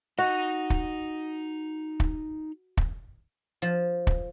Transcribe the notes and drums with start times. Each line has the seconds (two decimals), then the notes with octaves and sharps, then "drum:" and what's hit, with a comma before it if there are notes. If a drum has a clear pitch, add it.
0.18 D#4 F#4 D#5
0.70 drum: kick
2.00 drum: kick
2.77 drum: kick
3.62 F3
4.07 drum: kick